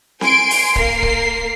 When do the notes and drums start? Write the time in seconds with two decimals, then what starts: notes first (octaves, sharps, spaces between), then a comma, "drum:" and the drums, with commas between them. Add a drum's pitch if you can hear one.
0.21 G#5 C6 D7, drum: snare C4
0.51 drum: open hi-hat
0.76 A#3 A#4 C7, drum: kick C#1
1.03 drum: kick C#1